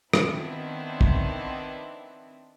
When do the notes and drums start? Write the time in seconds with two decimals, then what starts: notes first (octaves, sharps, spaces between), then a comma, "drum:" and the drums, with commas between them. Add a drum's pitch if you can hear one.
0.13 D#3 B3 C4 D4 E4, drum: rim click
1.01 drum: kick